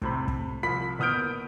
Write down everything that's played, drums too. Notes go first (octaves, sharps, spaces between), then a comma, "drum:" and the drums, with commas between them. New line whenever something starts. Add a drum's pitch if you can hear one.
A2 C3 B5, drum: kick
drum: kick
C2 F3 B5 B6
F#1 B3 D#6 F6 G6 D7